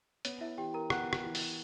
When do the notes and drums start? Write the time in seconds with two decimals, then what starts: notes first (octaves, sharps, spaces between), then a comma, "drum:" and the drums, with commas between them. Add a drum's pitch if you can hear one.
0.25 B3 C#5, drum: hi-hat
0.41 E4 E5
0.58 E3 G4 G5
0.74 A#4 A#5
0.90 B3 F#5 F#6, drum: rim click
1.13 drum: rim click
1.24 E3
1.35 drum: open hi-hat